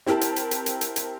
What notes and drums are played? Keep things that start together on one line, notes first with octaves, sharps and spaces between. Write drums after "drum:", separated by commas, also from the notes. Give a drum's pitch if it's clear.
C4 E4 G4 A#4 A5, drum: snare
drum: hi-hat
drum: hi-hat
drum: hi-hat
drum: hi-hat
drum: hi-hat
drum: hi-hat